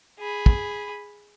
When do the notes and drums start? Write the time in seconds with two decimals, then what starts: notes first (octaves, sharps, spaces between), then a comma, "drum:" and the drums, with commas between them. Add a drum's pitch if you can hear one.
0.19 G#4 B5
0.46 drum: kick